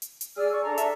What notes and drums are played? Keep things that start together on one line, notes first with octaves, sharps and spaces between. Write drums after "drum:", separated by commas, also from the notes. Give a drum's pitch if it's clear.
drum: hi-hat
drum: hi-hat
G#4 D5 E6 F6
D5 C#6
D4 A4 A#5
E5, drum: hi-hat